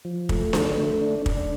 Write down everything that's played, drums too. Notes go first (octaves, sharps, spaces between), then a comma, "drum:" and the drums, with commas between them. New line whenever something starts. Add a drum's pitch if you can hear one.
F3
A3, drum: kick
D3, drum: snare D4
A3
D4
D4, drum: kick